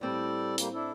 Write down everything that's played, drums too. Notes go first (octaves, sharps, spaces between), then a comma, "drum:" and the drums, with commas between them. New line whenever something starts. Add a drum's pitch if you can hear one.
A2 G3 C4 A4 D5
G3 A#3, drum: hi-hat
D4 E4 A4